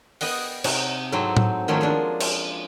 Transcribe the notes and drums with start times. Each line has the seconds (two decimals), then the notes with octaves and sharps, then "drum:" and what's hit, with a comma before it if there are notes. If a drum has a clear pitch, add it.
0.21 B3 D#5 F#5 G5, drum: open hi-hat
0.64 C3 D#4 F#5, drum: cymbal
1.12 G#2 F#3 A3 C4 E4
1.37 drum: tom
1.68 D#3 F3 F#3 A3 C#4 C#5
1.81 G#3 A#3 D4 F4
2.20 drum: cymbal